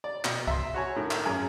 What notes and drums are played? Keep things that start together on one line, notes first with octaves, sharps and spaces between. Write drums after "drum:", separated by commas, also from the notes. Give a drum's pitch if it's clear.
D5
B2 D5, drum: clap
E5 C6, drum: kick C2
F#4 C#5 G#5
A2 D#3
drum: clap
G#1 F#2 G#4 G#5 A#5